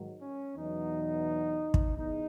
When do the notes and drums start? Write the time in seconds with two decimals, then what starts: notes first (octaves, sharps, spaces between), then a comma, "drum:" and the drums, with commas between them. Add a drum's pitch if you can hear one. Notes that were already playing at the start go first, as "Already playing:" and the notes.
Already playing: G#2 D#3 F#3
0.21 C#4
0.57 E2 B2 F#3 D#4
1.74 drum: kick
1.97 E2 D#4